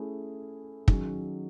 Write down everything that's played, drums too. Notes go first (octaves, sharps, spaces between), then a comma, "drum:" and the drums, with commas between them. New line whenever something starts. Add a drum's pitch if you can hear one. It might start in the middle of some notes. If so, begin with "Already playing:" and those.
Already playing: A3 C#4 E4 G#4
D#3 F#3 C#4 G#4, drum: kick